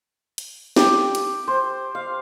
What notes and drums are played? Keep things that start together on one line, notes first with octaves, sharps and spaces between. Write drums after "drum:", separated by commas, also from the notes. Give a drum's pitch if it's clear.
drum: hi-hat
G4, drum: snare
drum: hi-hat
C5
F5